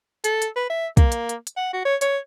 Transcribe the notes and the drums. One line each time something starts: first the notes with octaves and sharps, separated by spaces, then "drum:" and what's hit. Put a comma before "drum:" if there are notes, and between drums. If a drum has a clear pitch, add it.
A4, drum: hi-hat
drum: hi-hat
B4
E5
A#3, drum: kick, hi-hat
drum: hi-hat
drum: hi-hat
drum: hi-hat
F#5
F#4
C#5
C#5, drum: hi-hat